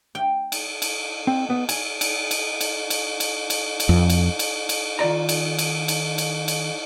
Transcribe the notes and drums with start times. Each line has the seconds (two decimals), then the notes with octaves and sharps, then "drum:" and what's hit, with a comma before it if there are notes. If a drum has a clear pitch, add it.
0.15 G5
0.52 drum: cymbal
0.82 drum: cymbal
1.27 C4
1.50 B3
1.69 G#5, drum: cymbal
2.01 drum: cymbal
2.31 drum: cymbal
2.61 drum: cymbal
2.90 drum: cymbal
3.20 drum: cymbal
3.50 drum: cymbal
3.80 drum: cymbal
3.89 F2
4.10 drum: cymbal
4.39 drum: cymbal
4.69 drum: cymbal
4.99 D#3 F4 D5 A#5
5.29 drum: cymbal
5.58 drum: cymbal
5.88 drum: cymbal
6.18 drum: cymbal
6.48 drum: cymbal